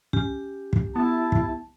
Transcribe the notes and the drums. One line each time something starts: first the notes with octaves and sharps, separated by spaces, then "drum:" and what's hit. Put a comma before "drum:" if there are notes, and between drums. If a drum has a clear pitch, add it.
C#4 G4, drum: kick
drum: kick
B3 E4 A5
drum: kick